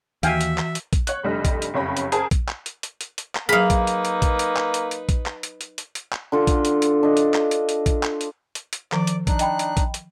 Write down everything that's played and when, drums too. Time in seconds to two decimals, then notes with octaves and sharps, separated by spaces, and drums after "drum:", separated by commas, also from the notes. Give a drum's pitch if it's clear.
0.23 D#2 E3 F#4 E5 F5 G5 G#5, drum: hi-hat
0.41 drum: hi-hat
0.58 drum: clap
0.75 drum: hi-hat
0.93 drum: kick A#1, hi-hat
1.07 C#5 F#6, drum: hi-hat
1.23 F1 D3 G3 A3 D#5 F6
1.45 drum: kick A#1, hi-hat
1.62 drum: hi-hat
1.74 F#1 F2 C#4 G4 B5 A#6
1.97 drum: hi-hat
2.12 G#4 A#4 C5 A5, drum: hi-hat
2.31 drum: kick A#1, hi-hat
2.49 drum: clap
2.66 drum: hi-hat
2.83 drum: hi-hat
3.01 drum: hi-hat
3.18 drum: hi-hat
3.35 drum: clap
3.49 F#3 A#3 D#4 G#4 B4 F5 B5
3.70 drum: kick A#1, hi-hat
3.87 drum: hi-hat
4.05 drum: hi-hat
4.22 drum: kick A#1, hi-hat
4.39 drum: hi-hat
4.57 drum: clap
4.74 drum: hi-hat
4.91 drum: hi-hat
5.09 drum: kick A#1, hi-hat
5.26 drum: clap
5.43 drum: hi-hat
5.61 drum: hi-hat
5.78 drum: hi-hat
5.95 drum: hi-hat
6.13 drum: clap
6.32 D3 F4 A4
6.47 drum: kick A#1, hi-hat
6.65 drum: hi-hat
6.82 drum: hi-hat
7.03 D4 D#5
7.17 drum: hi-hat
7.34 drum: clap
7.51 drum: hi-hat
7.69 drum: hi-hat
7.86 drum: kick A#1, hi-hat
8.03 drum: clap
8.21 drum: hi-hat
8.55 drum: hi-hat
8.73 drum: hi-hat
8.92 D#3 F3 D5 D6, drum: clap
9.07 drum: hi-hat
9.27 D4 D#4 F#6, drum: kick A#1, hi-hat
9.39 D#5 G5 B5, drum: hi-hat
9.59 drum: hi-hat
9.77 drum: kick A#1, hi-hat
9.94 drum: hi-hat